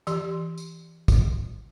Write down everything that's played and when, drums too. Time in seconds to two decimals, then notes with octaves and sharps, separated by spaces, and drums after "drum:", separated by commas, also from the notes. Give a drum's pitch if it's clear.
0.07 E3 G4 C6, drum: tambourine
0.58 drum: tambourine
1.08 drum: kick, tambourine